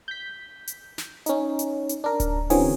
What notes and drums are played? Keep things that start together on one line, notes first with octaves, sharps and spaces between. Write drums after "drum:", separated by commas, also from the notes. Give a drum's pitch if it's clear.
G6 B6
drum: hi-hat
drum: snare
C#4 D#4, drum: hi-hat
drum: hi-hat
drum: hi-hat
D4 A#4
drum: kick D1, hi-hat
D3 E3 C4 C#4 F#4 G#4, drum: open hi-hat